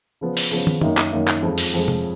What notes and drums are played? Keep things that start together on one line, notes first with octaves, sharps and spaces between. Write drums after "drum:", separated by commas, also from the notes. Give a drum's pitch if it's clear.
C#3 F3 B3
drum: open hi-hat
C#3 F3 B3
drum: tom
F#2 D#3 A#3 D#4, drum: tom
drum: clap
F#2 D#3 A#3 D#4
drum: clap
F2 F3 G#3
drum: open hi-hat
F2 F3 G#3
drum: tom